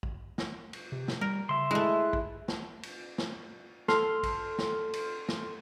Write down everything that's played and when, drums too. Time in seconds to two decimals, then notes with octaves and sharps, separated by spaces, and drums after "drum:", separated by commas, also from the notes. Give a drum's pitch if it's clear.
0.03 drum: kick A#1
0.38 drum: snare
0.73 drum: cymbal
0.92 C3
1.08 drum: snare
1.21 G3 A#4
1.49 C#3 E5 C6
1.71 G#3 A3 E4 F#6
2.13 drum: kick A#1
2.48 drum: snare
2.83 drum: cymbal
3.18 drum: snare
3.88 A4 C6 F6, drum: snare
4.23 drum: kick A#1, cymbal
4.58 drum: snare
4.93 drum: cymbal
5.28 drum: snare